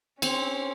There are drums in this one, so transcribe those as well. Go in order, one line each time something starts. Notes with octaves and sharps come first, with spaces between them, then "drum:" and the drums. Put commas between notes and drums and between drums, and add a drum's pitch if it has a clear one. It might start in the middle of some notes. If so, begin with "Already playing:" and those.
C4 C#4, drum: cymbal